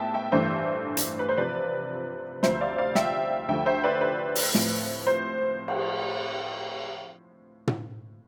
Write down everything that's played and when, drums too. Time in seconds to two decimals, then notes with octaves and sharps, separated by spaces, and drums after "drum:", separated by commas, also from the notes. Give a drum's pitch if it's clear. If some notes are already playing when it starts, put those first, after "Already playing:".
Already playing: A2 B3 E5 G5 A5
0.14 E5 G5
0.32 G2 E3 A3 D4 C5 E5
0.97 drum: hi-hat
1.19 B4
1.29 C5
1.37 C3 F3 C4 B4 D5
2.43 D2 C3 F3 C5 E5, drum: snare
2.61 D5 F5
2.78 D5 F5
2.95 E5 G5, drum: snare
3.48 D2 D3 F3 A3 E5 G5
3.66 C5 E5
3.84 B4 D5
4.01 B4
4.35 drum: open hi-hat
4.54 A2 F3 C4, drum: snare
5.07 C5
5.68 drum: cymbal
7.67 drum: tom